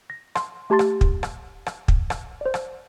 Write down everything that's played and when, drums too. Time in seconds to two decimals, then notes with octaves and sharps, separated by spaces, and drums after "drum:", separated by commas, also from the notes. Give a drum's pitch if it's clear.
0.10 A#6
0.35 C6, drum: rim click
0.70 A3 G4 A5 C6 A6
0.79 drum: rim click
1.01 drum: kick
1.23 drum: rim click
1.66 drum: rim click
1.88 drum: kick
2.10 drum: rim click
2.41 C5 D5
2.54 drum: rim click